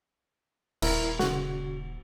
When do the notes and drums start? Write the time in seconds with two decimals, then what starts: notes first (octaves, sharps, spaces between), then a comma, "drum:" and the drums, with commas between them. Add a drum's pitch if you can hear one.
0.82 D#1 E4 A#4, drum: cymbal
1.19 C#3 F#4, drum: snare